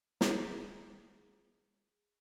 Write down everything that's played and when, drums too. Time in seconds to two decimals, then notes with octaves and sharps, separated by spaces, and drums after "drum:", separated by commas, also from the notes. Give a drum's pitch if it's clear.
0.21 G#4 A#5, drum: snare